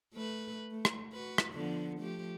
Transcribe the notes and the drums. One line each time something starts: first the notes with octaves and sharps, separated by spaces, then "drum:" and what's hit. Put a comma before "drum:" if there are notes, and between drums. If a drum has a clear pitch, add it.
A3 B4
A3
drum: rim click
F#4 B4
drum: rim click
D3 F3 B3
F3 A3 G4